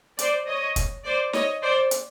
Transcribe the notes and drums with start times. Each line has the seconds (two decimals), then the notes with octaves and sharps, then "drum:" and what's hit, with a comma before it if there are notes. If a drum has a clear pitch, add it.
0.19 C5 D5, drum: hi-hat
0.47 C#5 D#5
0.76 drum: kick, hi-hat
1.05 C5 D5
1.33 C#5 D#5, drum: snare
1.62 C5 D5
1.91 drum: hi-hat